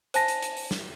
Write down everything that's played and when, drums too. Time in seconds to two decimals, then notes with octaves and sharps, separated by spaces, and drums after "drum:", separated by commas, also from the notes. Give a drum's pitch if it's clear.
0.14 C5 G#5 A5 A#6, drum: hi-hat
0.28 drum: hi-hat
0.42 drum: hi-hat
0.57 drum: open hi-hat
0.71 drum: snare